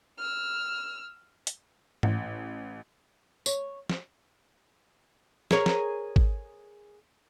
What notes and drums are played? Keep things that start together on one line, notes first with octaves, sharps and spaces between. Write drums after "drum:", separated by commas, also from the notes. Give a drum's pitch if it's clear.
E6 F6
drum: hi-hat
A1, drum: tom G#2
C#5, drum: tambourine
drum: snare
G#4 A#4 C#5, drum: snare
drum: snare
drum: kick G#1